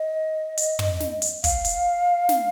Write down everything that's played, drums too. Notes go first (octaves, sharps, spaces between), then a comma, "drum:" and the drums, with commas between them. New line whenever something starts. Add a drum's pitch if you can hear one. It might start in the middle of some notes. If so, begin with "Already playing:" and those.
Already playing: D#5
drum: hi-hat
drum: tom
drum: snare
drum: hi-hat
F5, drum: kick, hi-hat
drum: hi-hat
drum: snare